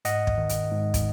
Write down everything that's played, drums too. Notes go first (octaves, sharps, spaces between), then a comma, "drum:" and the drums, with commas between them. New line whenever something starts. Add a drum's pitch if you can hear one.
G#2 D#5 F#5, drum: hi-hat
drum: kick
D#3
drum: hi-hat
G#2
drum: kick, hi-hat